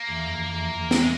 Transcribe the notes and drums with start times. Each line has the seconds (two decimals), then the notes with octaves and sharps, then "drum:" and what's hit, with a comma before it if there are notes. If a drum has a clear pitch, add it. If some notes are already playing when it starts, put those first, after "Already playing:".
Already playing: A#3
0.08 E2
0.25 F2
0.41 F2
0.53 E2
0.75 E2
0.91 drum: snare
1.02 G#3